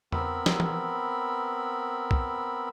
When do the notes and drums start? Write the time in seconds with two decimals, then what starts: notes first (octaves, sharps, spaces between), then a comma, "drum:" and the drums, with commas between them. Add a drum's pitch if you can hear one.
0.12 B3 C4 A#4 B5 E6, drum: tom E2
0.46 drum: snare
0.60 drum: tom
2.11 drum: kick B1